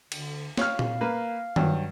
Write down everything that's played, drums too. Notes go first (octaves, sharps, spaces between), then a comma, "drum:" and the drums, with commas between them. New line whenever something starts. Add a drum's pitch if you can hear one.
D2 D3, drum: cymbal
C#5 F5 F6, drum: snare
drum: tom A#2
A#3 B4
G2 F#3, drum: tom D#3